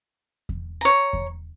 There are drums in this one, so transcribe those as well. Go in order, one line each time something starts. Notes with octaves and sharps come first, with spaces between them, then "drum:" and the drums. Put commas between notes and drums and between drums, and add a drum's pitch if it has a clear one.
drum: kick E2
C#5 A#5
drum: kick E2